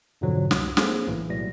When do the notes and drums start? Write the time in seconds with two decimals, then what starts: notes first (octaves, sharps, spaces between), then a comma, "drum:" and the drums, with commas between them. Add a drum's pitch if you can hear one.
0.21 F2 G#2 B2 D3 F3 F#3
0.51 C2 D#6, drum: snare
0.77 A#3 C4 C#4 G#4 A4 C5, drum: snare
1.07 B1 A2 E3
1.29 B1 A2 G3 F#4 D5 A#6